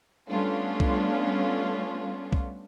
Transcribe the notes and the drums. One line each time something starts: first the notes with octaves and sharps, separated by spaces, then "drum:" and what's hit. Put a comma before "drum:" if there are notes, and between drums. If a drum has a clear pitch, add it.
G3 A3 B3 C#4 D4 F4
drum: kick
drum: kick